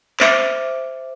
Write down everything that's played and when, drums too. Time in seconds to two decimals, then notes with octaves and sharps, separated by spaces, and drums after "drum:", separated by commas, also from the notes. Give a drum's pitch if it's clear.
0.20 C5 E5 D6, drum: clap